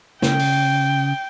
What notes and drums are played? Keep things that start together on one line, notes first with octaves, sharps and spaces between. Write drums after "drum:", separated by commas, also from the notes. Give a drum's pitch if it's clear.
C#3 G5, drum: snare
drum: open hi-hat